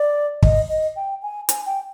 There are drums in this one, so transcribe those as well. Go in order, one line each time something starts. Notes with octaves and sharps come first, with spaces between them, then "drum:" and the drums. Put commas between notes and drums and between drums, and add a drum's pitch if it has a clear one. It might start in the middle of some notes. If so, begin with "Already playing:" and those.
Already playing: D5
D#5, drum: kick
D#5
G5
G#5
G#5, drum: hi-hat
G5